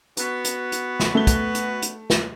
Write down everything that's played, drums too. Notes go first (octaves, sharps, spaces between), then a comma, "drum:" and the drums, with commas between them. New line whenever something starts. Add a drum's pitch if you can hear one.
B3 F#4, drum: hi-hat
drum: hi-hat
drum: hi-hat
drum: snare
A3 G7
drum: kick, hi-hat
drum: hi-hat
drum: hi-hat
drum: snare